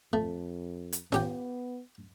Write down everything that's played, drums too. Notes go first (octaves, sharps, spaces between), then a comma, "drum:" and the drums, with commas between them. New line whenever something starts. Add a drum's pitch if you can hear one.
F2 A3
drum: hi-hat
B3 C#4 G4 G5, drum: snare F4